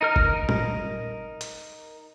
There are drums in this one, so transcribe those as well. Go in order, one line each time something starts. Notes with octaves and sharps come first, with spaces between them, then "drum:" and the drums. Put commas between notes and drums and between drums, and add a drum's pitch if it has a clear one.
D#4 A#4 F6
drum: kick
drum: tom A#2
drum: hi-hat